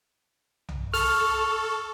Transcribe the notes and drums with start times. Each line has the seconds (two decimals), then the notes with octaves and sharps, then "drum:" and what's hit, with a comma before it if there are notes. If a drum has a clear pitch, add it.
0.69 drum: tom B1
0.94 A4 C#6 F6, drum: open hi-hat